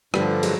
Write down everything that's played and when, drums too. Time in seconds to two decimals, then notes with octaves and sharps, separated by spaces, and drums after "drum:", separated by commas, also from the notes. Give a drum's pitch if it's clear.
0.14 G2 D3 F3 G3 A3, drum: rim click
0.43 F#3 G#3, drum: cymbal